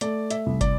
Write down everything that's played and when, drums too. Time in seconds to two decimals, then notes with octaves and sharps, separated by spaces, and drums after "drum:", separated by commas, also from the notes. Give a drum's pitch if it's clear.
0.01 A3 D5, drum: hi-hat
0.30 E5, drum: hi-hat
0.46 C2
0.61 D5, drum: kick, hi-hat